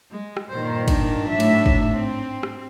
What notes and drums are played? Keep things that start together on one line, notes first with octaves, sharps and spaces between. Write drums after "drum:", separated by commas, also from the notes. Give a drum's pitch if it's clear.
G#3
drum: rim click
G2 A#2 D#3 C5
G#2 D4, drum: kick, cymbal
A2 F#3 E5
drum: cymbal
drum: kick
C4
drum: rim click